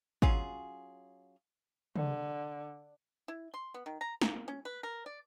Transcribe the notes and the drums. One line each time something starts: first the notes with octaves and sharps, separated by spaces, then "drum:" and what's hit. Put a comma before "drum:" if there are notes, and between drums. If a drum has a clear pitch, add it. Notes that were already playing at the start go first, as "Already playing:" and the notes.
F#3 C#4 F4 G#4, drum: kick
D3, drum: tom
E4
C6
B3
D#3
A#5
A#3, drum: snare
C#4
B4
A#4
D5